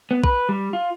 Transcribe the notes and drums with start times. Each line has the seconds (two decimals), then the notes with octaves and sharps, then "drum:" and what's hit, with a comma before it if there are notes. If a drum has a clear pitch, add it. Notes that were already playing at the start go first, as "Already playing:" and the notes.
0.11 B3
0.24 B4, drum: kick
0.49 G3
0.73 F4